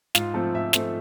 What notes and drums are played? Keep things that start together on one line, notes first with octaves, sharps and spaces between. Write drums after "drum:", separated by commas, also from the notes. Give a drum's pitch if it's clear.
G#2 F4, drum: snare
F3 A3 C4 A4
G#2 E5
F3 A3 C4, drum: snare